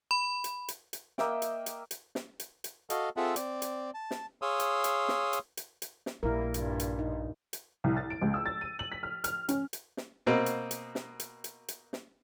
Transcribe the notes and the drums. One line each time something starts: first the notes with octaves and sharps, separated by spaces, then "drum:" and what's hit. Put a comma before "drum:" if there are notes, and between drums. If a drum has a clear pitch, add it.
B5
drum: hi-hat
drum: hi-hat
drum: hi-hat
A#3 D#5 E5 G5, drum: snare
drum: hi-hat
drum: hi-hat
drum: hi-hat
drum: snare
drum: hi-hat
drum: hi-hat
F#4 A4 D#5 F5, drum: hi-hat
C4 F4 G#4 A4 E5 F#5
C4 D5, drum: hi-hat
drum: hi-hat
A5
drum: snare
G#4 C#5 F5 C6 D#6 E6
drum: hi-hat
drum: hi-hat
drum: snare
drum: hi-hat
drum: hi-hat
drum: hi-hat
drum: snare
A#1 G3 A#3 E4 A#4
G2 A#2, drum: hi-hat
drum: hi-hat
D#4
drum: hi-hat
C2
A6
D7
C#2
E6
A6
D#7
F#7
B6
F6
F6, drum: hi-hat
C#4, drum: hi-hat
drum: hi-hat
drum: snare
B2 A#3 C4 D#5
drum: hi-hat
drum: hi-hat
drum: snare
drum: hi-hat
drum: hi-hat
drum: hi-hat
drum: snare